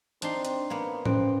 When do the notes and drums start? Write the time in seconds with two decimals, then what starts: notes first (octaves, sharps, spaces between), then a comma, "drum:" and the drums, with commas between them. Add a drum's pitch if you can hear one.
0.22 C4 D4 D#4 C6, drum: hi-hat
0.45 drum: hi-hat
0.70 A#3 B3
1.05 C#4 C5, drum: tom A2